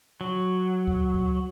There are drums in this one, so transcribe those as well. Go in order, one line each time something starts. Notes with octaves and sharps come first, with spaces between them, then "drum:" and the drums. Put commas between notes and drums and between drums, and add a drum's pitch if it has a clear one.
F#3
drum: kick D2
drum: kick D2